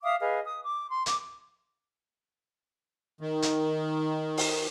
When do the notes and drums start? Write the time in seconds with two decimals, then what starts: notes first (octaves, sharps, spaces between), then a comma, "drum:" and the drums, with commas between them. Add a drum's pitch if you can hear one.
0.03 E5 F5 D6 D#6
0.20 G#4 B4 D#5 F5
0.45 D#6
0.61 D6
0.89 C6
1.06 D6, drum: hi-hat
3.21 D#3
3.42 drum: hi-hat
4.38 drum: open hi-hat